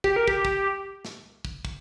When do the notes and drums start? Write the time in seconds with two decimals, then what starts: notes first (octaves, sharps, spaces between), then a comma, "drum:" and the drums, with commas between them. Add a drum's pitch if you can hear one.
0.04 G4, drum: kick
0.16 A#4
0.28 G4, drum: kick
0.45 drum: kick
1.05 drum: snare
1.45 drum: kick
1.65 drum: kick